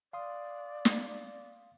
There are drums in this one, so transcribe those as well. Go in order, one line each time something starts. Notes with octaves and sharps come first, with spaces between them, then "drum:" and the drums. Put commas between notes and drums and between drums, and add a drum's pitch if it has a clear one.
D5 F5 C6 D#6
drum: snare